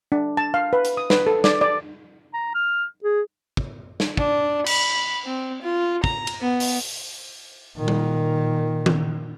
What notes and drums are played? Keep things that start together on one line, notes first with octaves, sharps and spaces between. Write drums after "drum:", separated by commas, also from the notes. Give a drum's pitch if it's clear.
D4
A5
F5
B4
drum: hi-hat
D#6
B4, drum: snare
A4
D5, drum: snare
D5
A#5
F6
G#4
drum: kick
drum: snare
D4, drum: kick
B5, drum: cymbal
C4
F4
A#5, drum: kick
drum: cymbal
B3
drum: open hi-hat
A#2 D#3
drum: tom G3
drum: tom D#3